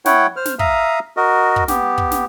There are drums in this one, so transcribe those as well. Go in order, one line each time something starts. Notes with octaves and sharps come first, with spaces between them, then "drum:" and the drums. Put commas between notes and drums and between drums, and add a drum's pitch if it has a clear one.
E4 C#5 F#5 G5, drum: snare
C5 F6
drum: snare
E5 F5 A#5 D#6, drum: kick
F#4 A#4 D#5
drum: kick
B3 G4, drum: snare
drum: kick
drum: snare